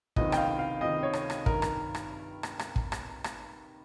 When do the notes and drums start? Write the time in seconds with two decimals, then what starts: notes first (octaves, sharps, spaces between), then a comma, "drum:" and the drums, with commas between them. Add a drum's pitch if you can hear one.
0.16 C#2 C3 D#3 D#5, drum: kick
0.32 G5, drum: rim click
0.37 F5
0.59 F5
0.81 C#2 C3 D#3 D#5
1.03 C#5
1.13 drum: rim click
1.30 drum: rim click
1.46 G2 D#3 A#4, drum: kick
1.62 drum: rim click
1.95 drum: rim click
2.43 drum: rim click
2.59 drum: rim click
2.76 drum: kick
2.92 drum: rim click
3.24 drum: rim click